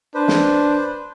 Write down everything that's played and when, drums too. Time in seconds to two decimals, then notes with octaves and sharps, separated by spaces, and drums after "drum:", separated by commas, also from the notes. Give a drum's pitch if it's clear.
0.15 D4 B4 C5
0.28 drum: snare